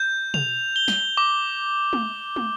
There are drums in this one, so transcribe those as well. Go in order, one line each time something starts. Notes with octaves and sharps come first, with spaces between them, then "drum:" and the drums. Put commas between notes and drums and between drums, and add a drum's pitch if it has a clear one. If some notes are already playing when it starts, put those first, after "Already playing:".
Already playing: G6
F7, drum: tom
G7
drum: snare
D6
drum: tom
drum: tom